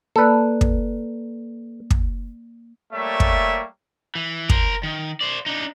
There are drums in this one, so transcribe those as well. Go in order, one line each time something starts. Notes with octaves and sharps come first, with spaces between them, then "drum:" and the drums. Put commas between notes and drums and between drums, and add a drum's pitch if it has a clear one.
A#3 A4 B4 D5 F#6
drum: kick
drum: kick
G3 A3 A#3 C#5 E5
drum: kick
E3
A#4 C5, drum: kick
D#3
C5 D5
D4 D#4